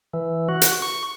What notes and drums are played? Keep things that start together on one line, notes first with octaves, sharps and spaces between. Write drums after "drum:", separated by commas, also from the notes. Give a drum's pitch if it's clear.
E3
F#4
drum: hi-hat
C#6